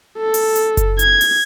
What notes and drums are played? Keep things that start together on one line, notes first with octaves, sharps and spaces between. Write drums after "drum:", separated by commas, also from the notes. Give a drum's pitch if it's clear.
A4
drum: open hi-hat
drum: hi-hat
drum: kick F#1, hi-hat
G#6, drum: hi-hat
drum: open hi-hat